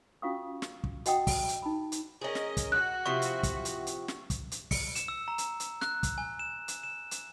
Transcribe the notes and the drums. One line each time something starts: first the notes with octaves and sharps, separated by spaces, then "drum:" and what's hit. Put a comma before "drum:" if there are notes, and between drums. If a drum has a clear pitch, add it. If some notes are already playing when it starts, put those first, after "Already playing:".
C#4 F4 F#4 F5 C#6 D#6
drum: snare
drum: kick
F#4 D#5 F#5 G5 A5 D#6, drum: hi-hat
drum: kick, open hi-hat
drum: hi-hat
D#4 B5
drum: hi-hat
C#4 G#4 A#4 D#5
drum: snare
drum: kick, hi-hat
F#4 F#6
C3 F3 E4 C#6
drum: hi-hat
drum: kick, hi-hat
drum: hi-hat
drum: hi-hat
drum: snare
drum: kick, hi-hat
drum: hi-hat
C#7, drum: kick, open hi-hat
E7, drum: hi-hat
E6
A#5
drum: hi-hat
drum: hi-hat
F#6, drum: snare
drum: kick, hi-hat
G#5
E7
drum: hi-hat
E7
drum: hi-hat